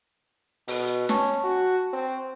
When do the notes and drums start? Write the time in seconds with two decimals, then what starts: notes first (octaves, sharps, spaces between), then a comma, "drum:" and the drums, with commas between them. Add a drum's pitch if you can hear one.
0.68 B2, drum: open hi-hat
1.09 C#4 A5 C#6, drum: snare
1.43 F#4
1.93 C4